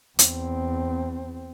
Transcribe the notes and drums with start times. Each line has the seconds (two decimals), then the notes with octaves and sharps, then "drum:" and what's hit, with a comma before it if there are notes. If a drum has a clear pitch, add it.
0.19 E2 C4, drum: hi-hat